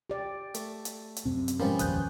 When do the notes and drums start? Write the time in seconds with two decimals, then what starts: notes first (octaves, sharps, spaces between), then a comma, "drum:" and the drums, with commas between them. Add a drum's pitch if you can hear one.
0.10 G4 D5
0.54 A3, drum: hi-hat
0.85 drum: hi-hat
1.16 drum: hi-hat
1.26 F#2 C3 C4
1.48 drum: hi-hat
1.60 G#2 F3 G3 B3 C#4 A#4
1.79 F1 A#1 D#2 D#6 F#6 G6, drum: hi-hat